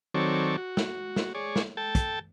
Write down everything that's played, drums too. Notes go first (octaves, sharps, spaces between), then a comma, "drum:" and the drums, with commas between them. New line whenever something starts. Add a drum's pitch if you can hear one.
D#3 F#3 C4 A4 C#5 D5
F#4
drum: snare
drum: snare
G#4 C#5 D5
drum: snare
A4 G5 A5
drum: kick, hi-hat